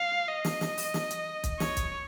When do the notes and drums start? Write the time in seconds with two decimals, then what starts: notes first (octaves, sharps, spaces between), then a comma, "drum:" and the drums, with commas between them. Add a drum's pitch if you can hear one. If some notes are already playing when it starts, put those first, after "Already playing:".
Already playing: F5
0.28 D#5
0.45 drum: snare
0.61 drum: snare
0.78 drum: open hi-hat
0.94 drum: snare
1.11 drum: hi-hat
1.44 drum: kick, hi-hat
1.60 C#5, drum: snare
1.77 drum: kick, hi-hat